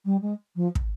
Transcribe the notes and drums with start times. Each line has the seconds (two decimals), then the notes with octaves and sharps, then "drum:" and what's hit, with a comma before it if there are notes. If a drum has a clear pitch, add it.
0.05 G3
0.21 G#3
0.56 F3
0.75 drum: kick